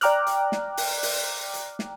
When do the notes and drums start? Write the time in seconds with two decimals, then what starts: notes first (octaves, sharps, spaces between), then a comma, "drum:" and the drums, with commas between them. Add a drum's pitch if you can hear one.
0.01 D5 G5 A#5 D6 F6 F#6, drum: hi-hat
0.27 drum: hi-hat
0.52 drum: snare
0.77 drum: open hi-hat
1.03 drum: open hi-hat
1.54 drum: hi-hat
1.79 drum: snare